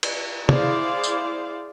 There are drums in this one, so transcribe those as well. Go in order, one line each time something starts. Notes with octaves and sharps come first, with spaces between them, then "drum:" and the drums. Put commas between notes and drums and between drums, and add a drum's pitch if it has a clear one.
drum: cymbal
E4 G#4 C5 D5 F5, drum: tom
drum: tambourine